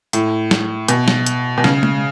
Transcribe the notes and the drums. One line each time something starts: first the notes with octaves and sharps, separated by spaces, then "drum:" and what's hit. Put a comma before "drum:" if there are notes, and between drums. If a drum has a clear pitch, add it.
A2, drum: hi-hat
drum: snare
B2, drum: hi-hat
drum: snare
drum: hi-hat
B2
C#3, drum: snare
drum: tom G#3